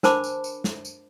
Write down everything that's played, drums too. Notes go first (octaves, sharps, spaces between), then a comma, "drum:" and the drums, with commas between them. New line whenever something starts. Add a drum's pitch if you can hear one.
D4 A#4 C5 A5 B5 D6, drum: snare
drum: tambourine
drum: tambourine
drum: snare
drum: tambourine